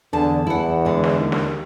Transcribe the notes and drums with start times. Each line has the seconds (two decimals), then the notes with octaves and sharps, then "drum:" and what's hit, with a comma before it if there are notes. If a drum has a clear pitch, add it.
0.13 E2 D3 A5
0.47 E2 E4 F#5
0.85 D3 G#3
1.04 drum: snare
1.19 D#2
1.32 drum: snare